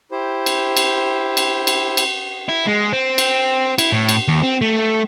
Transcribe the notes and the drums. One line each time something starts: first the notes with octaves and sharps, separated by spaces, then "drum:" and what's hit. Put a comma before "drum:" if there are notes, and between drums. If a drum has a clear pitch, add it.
E4 G4 C5
drum: cymbal
drum: cymbal
drum: cymbal
drum: cymbal
drum: cymbal
E4
G#3
C4
drum: cymbal
E4, drum: cymbal
A2
drum: cymbal
D#2
C4
A3